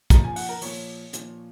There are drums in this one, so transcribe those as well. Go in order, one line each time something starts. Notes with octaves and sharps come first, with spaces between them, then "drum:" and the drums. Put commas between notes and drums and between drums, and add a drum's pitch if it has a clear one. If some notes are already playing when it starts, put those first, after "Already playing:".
A#2 F3 A#5, drum: kick, hi-hat
G#5
F#5, drum: open hi-hat
A#4
A#2 F3 C#5, drum: open hi-hat
A#2 F3, drum: hi-hat